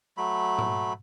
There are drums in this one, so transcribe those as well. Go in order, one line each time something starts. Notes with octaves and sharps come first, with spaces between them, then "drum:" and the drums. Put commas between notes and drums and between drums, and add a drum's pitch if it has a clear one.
F#3 A3 B5
drum: tom G#2